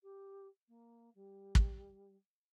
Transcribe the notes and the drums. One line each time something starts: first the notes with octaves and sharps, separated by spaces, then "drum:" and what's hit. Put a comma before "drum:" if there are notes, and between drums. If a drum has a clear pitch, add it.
G4
A#3
G3
drum: kick